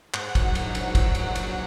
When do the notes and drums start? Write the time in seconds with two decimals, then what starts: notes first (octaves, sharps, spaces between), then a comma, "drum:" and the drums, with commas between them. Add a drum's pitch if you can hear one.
0.14 G#2 F#5, drum: clap
0.35 F#3, drum: kick, cymbal
0.55 A#1, drum: cymbal
0.75 A#1, drum: cymbal
0.95 G#2, drum: kick, cymbal
1.15 F#3, drum: cymbal
1.35 A#1, drum: cymbal